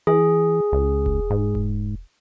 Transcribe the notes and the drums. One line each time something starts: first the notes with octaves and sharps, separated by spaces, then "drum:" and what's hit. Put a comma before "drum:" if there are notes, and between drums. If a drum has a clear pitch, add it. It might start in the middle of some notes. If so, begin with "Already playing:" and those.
E3 G#4
C#2
drum: kick E1
G#2
drum: kick E1